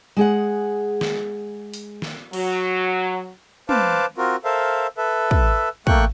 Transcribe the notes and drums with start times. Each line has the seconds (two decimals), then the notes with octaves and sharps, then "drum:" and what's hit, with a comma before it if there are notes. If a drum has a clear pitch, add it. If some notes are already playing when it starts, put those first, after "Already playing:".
0.17 G#3 G#4 F#5
1.01 drum: snare
1.74 drum: open hi-hat
2.02 drum: snare
2.33 F#3, drum: cymbal
3.69 B4 C5 F5 A5 D6, drum: tom
4.18 C4 F4 F#4 A#4
4.44 A4 A#4 C5 E5 F5
4.97 A4 B4 E5
5.31 drum: kick
5.87 A3 A#3 G5 C#6 F#6, drum: kick